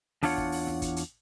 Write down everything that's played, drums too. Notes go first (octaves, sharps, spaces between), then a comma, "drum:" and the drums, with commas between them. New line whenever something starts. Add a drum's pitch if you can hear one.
E2 D4 F4 C#5 F#5, drum: open hi-hat
drum: kick G1
drum: open hi-hat
drum: snare
drum: kick G1, hi-hat
drum: hi-hat